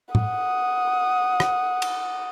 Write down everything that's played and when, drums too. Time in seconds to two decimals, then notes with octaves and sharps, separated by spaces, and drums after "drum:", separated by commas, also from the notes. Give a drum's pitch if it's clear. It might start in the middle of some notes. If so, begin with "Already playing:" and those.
0.15 F#5 D#6, drum: tom A2
1.40 drum: rim click
1.82 drum: cymbal